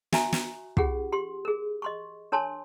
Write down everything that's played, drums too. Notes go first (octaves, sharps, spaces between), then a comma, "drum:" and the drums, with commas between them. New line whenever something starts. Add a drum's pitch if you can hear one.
F#4 E5 G#5 A#5, drum: snare
drum: snare
C#4 F4 G4 G#4 F#5, drum: kick
G4 C6
G#4 A#4
D#5 C6 C#6
D4 A#4 C#5 G#5 A5 C6